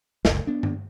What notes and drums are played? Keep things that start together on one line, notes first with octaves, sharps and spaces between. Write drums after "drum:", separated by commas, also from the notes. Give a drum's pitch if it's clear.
F#1 C#2, drum: snare
B3 D4
drum: tom G2